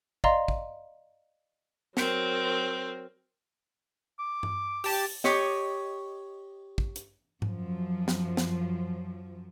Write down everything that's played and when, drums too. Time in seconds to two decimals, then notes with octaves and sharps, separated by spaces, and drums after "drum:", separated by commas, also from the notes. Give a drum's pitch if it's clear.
0.24 D5 D#5 F5 A#5 C6, drum: kick
0.48 drum: kick
1.97 F#3 C4 A#4, drum: snare
4.19 D6
4.43 drum: tom G2
4.84 G4 A5, drum: open hi-hat
5.24 G4 C#5 D#5, drum: snare
6.78 drum: kick
6.96 drum: hi-hat
7.42 F#2 F3, drum: tom G#2
8.08 drum: snare
8.37 drum: snare